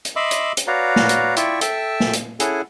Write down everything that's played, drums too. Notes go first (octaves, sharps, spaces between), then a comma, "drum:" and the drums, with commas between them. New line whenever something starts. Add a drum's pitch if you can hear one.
drum: hi-hat
D#5 E5 B5 C6 D6 E6
drum: hi-hat
drum: hi-hat
F#4 B4 C#5 D5 F5 A#5
drum: snare
drum: hi-hat
E4 F4 D5 E5 G5 C#6, drum: hi-hat
A4 E5 G5 A5 E6, drum: hi-hat
drum: snare
drum: hi-hat
C#4 E4 G#4 A4 F#5 G#5, drum: hi-hat